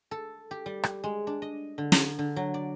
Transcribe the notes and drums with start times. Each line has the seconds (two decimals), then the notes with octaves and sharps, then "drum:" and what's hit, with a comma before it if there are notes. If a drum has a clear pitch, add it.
0.11 A4
0.51 G4
0.66 G3
0.83 drum: rim click
1.04 G#3
1.27 D4
1.42 D#5
1.78 D3
1.92 A#5, drum: snare
2.19 D3
2.36 F#3
2.54 D5